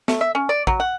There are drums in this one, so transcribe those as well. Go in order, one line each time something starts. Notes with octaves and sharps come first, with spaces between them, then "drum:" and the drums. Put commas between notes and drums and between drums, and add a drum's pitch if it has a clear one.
A3, drum: snare
E5
C#4
D5
F#3, drum: kick
F#5